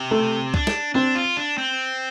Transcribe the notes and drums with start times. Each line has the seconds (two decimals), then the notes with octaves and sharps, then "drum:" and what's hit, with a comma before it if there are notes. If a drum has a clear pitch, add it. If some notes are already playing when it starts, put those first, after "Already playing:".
Already playing: C3
0.11 A3
0.54 D4, drum: kick C2
0.67 drum: snare
0.94 C4 D4
1.15 F4
1.37 D4
1.58 C4